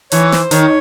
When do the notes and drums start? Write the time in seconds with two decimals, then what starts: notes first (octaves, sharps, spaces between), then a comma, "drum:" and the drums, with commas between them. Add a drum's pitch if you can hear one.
0.12 E3 C#5, drum: hi-hat
0.32 C5, drum: snare
0.51 D#3 C#5, drum: hi-hat